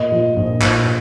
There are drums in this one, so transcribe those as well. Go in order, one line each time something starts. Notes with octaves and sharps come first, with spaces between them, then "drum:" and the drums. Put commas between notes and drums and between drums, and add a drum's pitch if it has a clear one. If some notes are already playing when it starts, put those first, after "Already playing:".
Already playing: A#2 D#5
F3
A#1
A#1, drum: clap